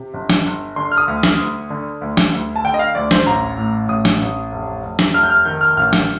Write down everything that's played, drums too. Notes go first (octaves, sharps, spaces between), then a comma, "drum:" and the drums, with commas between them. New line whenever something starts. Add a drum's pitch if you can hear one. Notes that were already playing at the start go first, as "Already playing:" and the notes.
Already playing: C3
G1
drum: snare
G1
D3 C6
F6
D#6
D2
drum: snare
D2
D3
D2
drum: snare
D2
A5
D3 G5
D#5
F5
D2 D5
C5, drum: snare
A1 A#5
A2
A1 D#6
drum: snare
A1
F1
F1
drum: snare
F1 F6
G6
F6
D#3 G6
F6
A1 F6
drum: snare